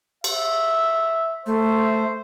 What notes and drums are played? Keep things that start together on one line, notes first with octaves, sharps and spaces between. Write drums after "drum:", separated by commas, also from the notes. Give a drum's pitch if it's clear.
E5, drum: cymbal
A3 C5